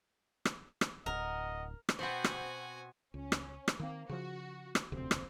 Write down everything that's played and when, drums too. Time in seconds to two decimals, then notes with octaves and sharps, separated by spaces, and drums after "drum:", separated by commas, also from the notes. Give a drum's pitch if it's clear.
0.45 drum: rim click
0.81 drum: rim click
1.06 D1 A#4 D#5 F#5
1.89 drum: rim click
1.99 B2 B3 C4 F#4 C5 F#5 G#5
2.24 drum: rim click
3.14 C#2 C#4
3.32 drum: rim click
3.68 drum: rim click
3.80 D#3 A#3 C4
4.09 C#3 F3 F#4
4.75 drum: rim click
4.92 E1 D2 C3 F3 C4
5.11 drum: rim click